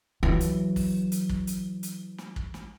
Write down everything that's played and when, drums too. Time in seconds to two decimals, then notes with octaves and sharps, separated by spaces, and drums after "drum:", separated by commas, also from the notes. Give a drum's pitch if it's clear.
0.23 E3 F#3
0.40 drum: hi-hat
0.76 drum: kick, open hi-hat
1.12 drum: hi-hat
1.29 drum: kick
1.47 drum: hi-hat
1.83 drum: hi-hat
2.18 drum: snare
2.36 drum: kick
2.54 drum: snare